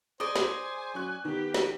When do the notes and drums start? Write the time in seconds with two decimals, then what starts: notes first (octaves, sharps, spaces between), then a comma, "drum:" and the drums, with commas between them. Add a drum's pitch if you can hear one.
0.20 G#4 C5 D5 D#5 G#5
0.36 drum: snare
0.94 F#3 C#4 C#6 F#6
1.25 D#3 B3 G4
1.54 drum: snare